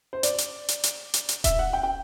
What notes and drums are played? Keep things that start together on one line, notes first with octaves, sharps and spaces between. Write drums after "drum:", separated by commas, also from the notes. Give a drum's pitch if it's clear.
C5
D5, drum: hi-hat
drum: hi-hat
drum: hi-hat
drum: hi-hat
drum: hi-hat
drum: hi-hat
E5, drum: kick D#1, hi-hat
F#5
G5
G5